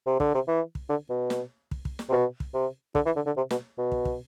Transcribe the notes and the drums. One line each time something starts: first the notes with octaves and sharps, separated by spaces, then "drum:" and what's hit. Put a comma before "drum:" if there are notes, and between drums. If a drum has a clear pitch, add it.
C3
D3, drum: kick
C3
E3
drum: kick
D3
B2
drum: snare
drum: kick
drum: kick
drum: snare
C3
B2
drum: kick
C3
D3, drum: kick
E3
D3
D3
C3
B2, drum: snare
B2
drum: kick
drum: kick